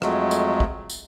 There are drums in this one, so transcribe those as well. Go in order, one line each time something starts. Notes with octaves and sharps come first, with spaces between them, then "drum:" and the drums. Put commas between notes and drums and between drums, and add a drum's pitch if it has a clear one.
F2 F#3 G#3 A3, drum: rim click
drum: tambourine
drum: kick
drum: tambourine